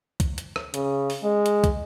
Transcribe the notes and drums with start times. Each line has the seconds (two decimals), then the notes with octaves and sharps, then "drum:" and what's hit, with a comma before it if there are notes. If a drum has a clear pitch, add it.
0.20 drum: kick, hi-hat
0.38 drum: hi-hat
0.56 drum: rim click
0.74 C#3, drum: hi-hat
1.10 drum: open hi-hat
1.23 G#3
1.46 drum: hi-hat
1.64 drum: kick, hi-hat